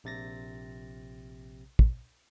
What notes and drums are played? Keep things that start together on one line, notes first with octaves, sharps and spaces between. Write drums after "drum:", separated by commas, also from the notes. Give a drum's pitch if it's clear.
A#1 C3 A6 A#6
drum: kick